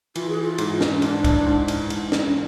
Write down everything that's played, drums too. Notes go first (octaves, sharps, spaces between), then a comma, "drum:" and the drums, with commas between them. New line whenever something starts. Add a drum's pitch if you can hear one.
E3 F4, drum: cymbal
G#4
F4
G#2, drum: cymbal
drum: snare
G#2 D4, drum: cymbal
drum: kick, cymbal
G#2
drum: cymbal
G#2, drum: cymbal
drum: snare